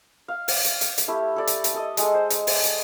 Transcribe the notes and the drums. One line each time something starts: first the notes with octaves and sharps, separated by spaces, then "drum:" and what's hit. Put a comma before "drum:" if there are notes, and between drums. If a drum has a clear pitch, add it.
F5
drum: open hi-hat
drum: hi-hat
drum: hi-hat
drum: hi-hat
A3 E4 G4
A4 D5
drum: hi-hat
drum: hi-hat
A4 D#5
G#3 A4, drum: hi-hat
C5
drum: hi-hat
drum: open hi-hat
drum: hi-hat